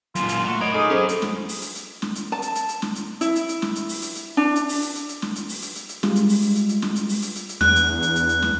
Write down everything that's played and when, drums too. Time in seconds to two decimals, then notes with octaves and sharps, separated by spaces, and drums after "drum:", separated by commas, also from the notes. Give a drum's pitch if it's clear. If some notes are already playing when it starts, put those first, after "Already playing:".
0.15 F#2 A#2 F4, drum: hi-hat
0.29 drum: hi-hat
0.48 A3 F#4
0.61 A#4 C#5 D#5 B5 C6 G#6 D7
0.74 D#4 G#4 A4 D6 D#6 F6
0.90 F#3 C#4 G#4 A4 C5
1.09 drum: hi-hat
1.22 drum: snare
1.49 drum: open hi-hat
1.62 drum: hi-hat
1.75 drum: hi-hat
2.02 drum: snare
2.15 drum: hi-hat
2.32 A5
2.42 drum: hi-hat
2.55 drum: hi-hat
2.69 drum: hi-hat
2.82 drum: snare
2.95 drum: hi-hat
3.21 E4, drum: hi-hat
3.35 drum: hi-hat
3.49 drum: hi-hat
3.62 drum: snare
3.76 drum: hi-hat
3.89 drum: open hi-hat
4.02 drum: hi-hat
4.16 drum: hi-hat
4.37 D4
4.56 drum: hi-hat
4.69 drum: open hi-hat
4.82 drum: hi-hat
4.96 drum: hi-hat
5.09 drum: hi-hat
5.22 drum: snare
5.36 drum: hi-hat
5.49 drum: open hi-hat
5.62 drum: hi-hat
5.76 drum: hi-hat
5.89 drum: hi-hat
6.03 G3 G#3 F4, drum: snare
6.16 drum: hi-hat
6.29 drum: open hi-hat
6.42 drum: hi-hat
6.56 drum: hi-hat
6.69 drum: hi-hat
6.82 drum: snare
6.96 drum: hi-hat
7.09 drum: open hi-hat
7.22 drum: hi-hat
7.36 drum: hi-hat
7.49 drum: hi-hat
7.61 E2 D4 F#6, drum: snare
7.76 drum: hi-hat
8.02 drum: hi-hat
8.16 drum: hi-hat
8.29 drum: hi-hat
8.42 drum: snare